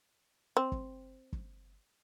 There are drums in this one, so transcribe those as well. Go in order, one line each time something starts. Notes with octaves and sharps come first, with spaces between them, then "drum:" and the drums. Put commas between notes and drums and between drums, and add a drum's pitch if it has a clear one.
C4
drum: kick G1
drum: kick G1